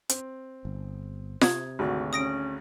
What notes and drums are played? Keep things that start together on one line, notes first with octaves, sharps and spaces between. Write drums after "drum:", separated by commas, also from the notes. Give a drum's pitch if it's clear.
C4, drum: hi-hat
G1
C3 D#6 G#6, drum: snare F4
G#1 D2 F#4
C#4 D#6 A#6 D7